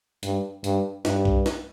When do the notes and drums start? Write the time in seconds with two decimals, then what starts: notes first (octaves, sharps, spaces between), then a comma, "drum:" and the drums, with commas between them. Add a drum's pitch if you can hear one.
0.23 G2, drum: hi-hat
0.64 G2, drum: hi-hat
1.05 G2, drum: snare
1.25 drum: kick B1
1.46 drum: snare